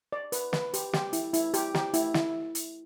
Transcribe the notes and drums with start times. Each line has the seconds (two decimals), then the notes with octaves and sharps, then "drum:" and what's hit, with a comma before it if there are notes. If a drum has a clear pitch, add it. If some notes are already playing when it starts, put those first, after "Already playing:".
0.13 D5
0.32 B4, drum: hi-hat
0.53 B4, drum: snare
0.74 G4, drum: hi-hat
0.93 G4, drum: snare
1.13 E4, drum: hi-hat
1.34 E4, drum: hi-hat
1.54 G4, drum: hi-hat
1.75 G4, drum: snare
1.94 E4, drum: hi-hat
2.14 E4, drum: snare
2.55 drum: hi-hat